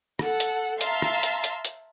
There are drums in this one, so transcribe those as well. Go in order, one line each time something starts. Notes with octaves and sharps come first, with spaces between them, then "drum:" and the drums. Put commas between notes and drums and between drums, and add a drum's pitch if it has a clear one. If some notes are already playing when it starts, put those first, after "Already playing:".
A4 F#5, drum: rim click
drum: hi-hat
E5 F5 A5 A#5 C6, drum: hi-hat
drum: rim click
drum: hi-hat
drum: hi-hat
drum: hi-hat